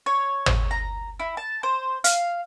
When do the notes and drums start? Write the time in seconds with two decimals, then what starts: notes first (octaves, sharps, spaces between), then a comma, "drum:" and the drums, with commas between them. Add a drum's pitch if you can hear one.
0.06 C#5
0.46 drum: tom G#1
0.71 A#5
1.20 E4
1.37 A5
1.63 C5
2.04 F5, drum: hi-hat